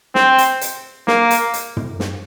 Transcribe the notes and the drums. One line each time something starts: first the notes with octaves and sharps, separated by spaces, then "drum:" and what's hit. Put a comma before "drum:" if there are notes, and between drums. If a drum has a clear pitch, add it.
C4, drum: snare
drum: hi-hat
drum: hi-hat
A#3, drum: snare
drum: hi-hat
drum: hi-hat
drum: tom
drum: snare